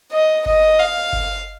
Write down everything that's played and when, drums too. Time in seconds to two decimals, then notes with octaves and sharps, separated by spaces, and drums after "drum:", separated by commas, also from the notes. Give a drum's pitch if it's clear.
0.12 D#5
0.46 D#5, drum: kick G1
0.79 F5
1.13 drum: kick G1